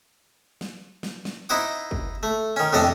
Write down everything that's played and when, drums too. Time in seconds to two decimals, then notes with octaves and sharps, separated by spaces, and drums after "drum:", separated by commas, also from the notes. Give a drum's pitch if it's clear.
0.61 drum: snare
1.03 drum: snare
1.25 drum: snare
1.49 D#4 E4 C5 F#5 D6
1.91 drum: kick
2.23 A3
2.56 D#3 C#4
2.73 F2 A2 C3 D4 A4 D#5